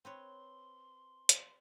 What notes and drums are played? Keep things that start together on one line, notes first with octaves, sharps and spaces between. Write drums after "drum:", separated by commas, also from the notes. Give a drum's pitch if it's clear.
C4 B4 C#5 C6
drum: hi-hat